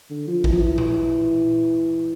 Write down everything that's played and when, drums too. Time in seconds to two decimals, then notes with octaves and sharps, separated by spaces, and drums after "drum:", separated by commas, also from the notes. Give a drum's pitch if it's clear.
0.10 D3
0.27 F3
0.44 E3, drum: kick A1
0.52 F3
0.60 E3
0.78 drum: tom A#2